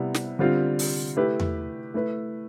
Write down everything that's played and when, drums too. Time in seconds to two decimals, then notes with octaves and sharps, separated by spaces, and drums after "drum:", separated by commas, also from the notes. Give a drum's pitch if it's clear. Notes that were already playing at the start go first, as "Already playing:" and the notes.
Already playing: C3 G3 B3 E4
0.14 drum: snare
0.39 D3 G3 C4 F4
0.79 drum: open hi-hat
1.17 A3 E4 G4 B4
1.40 drum: tom E2
1.94 A3 E4 B4